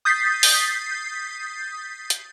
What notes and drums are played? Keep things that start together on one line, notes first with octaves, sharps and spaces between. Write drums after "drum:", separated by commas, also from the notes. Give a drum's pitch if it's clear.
D#6 G6 A6 B6 C7
drum: open hi-hat
drum: hi-hat